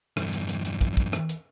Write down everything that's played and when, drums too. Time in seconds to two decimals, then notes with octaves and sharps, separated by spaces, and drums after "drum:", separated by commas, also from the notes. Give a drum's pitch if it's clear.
0.17 E2 G2, drum: rim click
0.33 drum: hi-hat
0.49 drum: hi-hat
0.65 drum: hi-hat
0.81 drum: kick, hi-hat
0.97 drum: kick, hi-hat
1.13 drum: rim click
1.29 drum: hi-hat